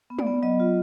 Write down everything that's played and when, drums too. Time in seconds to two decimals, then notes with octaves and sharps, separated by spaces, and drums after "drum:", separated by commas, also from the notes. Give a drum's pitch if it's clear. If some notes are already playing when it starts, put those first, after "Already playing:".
0.10 B3
0.19 D5, drum: tom
0.27 B3
0.42 F#3 D#5
0.60 F4